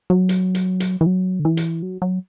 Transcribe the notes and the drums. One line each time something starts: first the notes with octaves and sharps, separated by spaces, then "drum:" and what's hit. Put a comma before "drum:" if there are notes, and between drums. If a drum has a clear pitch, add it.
F#3
drum: hi-hat
drum: hi-hat
drum: hi-hat
E3
F#3
D3
E3
drum: hi-hat
F#3
F#3